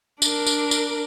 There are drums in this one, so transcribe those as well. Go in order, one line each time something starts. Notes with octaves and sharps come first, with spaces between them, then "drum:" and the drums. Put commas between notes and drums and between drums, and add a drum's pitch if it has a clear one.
D4 A#4, drum: tambourine
drum: tambourine
drum: tambourine